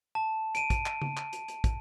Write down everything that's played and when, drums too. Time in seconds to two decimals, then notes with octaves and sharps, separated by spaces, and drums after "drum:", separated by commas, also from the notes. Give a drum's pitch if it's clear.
0.15 A5
0.55 D7 D#7, drum: hi-hat
0.70 drum: kick, hi-hat
0.86 drum: clap
1.02 drum: tom C#3
1.17 drum: clap
1.33 drum: hi-hat
1.48 drum: hi-hat
1.64 drum: kick, hi-hat